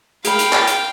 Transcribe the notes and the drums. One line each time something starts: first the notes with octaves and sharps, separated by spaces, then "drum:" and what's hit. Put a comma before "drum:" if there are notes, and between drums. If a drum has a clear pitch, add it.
G#4 A#4 F5 G5 B5, drum: hi-hat
drum: hi-hat
drum: clap
drum: hi-hat